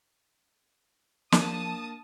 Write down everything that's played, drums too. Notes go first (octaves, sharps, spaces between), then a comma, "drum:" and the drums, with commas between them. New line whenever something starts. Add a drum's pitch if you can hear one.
F3 A#3 D4 A5 D#6, drum: snare